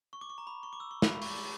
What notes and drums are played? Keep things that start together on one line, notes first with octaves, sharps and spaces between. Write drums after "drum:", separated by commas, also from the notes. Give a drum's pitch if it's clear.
C#6
D6
C#6
A#5
B5
C#6
D6
E6
C#6
B5, drum: snare
B5
C#6, drum: open hi-hat
D6